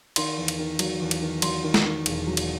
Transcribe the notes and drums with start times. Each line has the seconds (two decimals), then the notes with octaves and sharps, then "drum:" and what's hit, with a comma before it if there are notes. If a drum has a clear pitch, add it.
0.16 D#3 C6, drum: cymbal
0.37 E2
0.48 drum: cymbal
0.59 D#3
0.79 F#3, drum: cymbal
1.00 E2
1.11 drum: cymbal
1.22 D#3
1.42 F#3 C6, drum: cymbal
1.64 D#3
1.74 drum: snare
1.85 D#3
2.06 E1, drum: cymbal
2.27 F#3
2.37 drum: cymbal